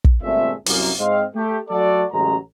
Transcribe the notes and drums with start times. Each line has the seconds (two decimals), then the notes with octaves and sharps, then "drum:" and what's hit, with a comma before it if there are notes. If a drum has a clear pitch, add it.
0.04 drum: kick
0.22 G1 A#2 G#3 A3 C4 E5
0.66 C2 F#2 F#3 A#3, drum: open hi-hat
0.99 G#2 C4 D#5 F5
1.35 A3 G4
1.69 F#3 A3 F#4 A4 D5
2.12 A1 C#3 F#3 G#3 C#4 A#5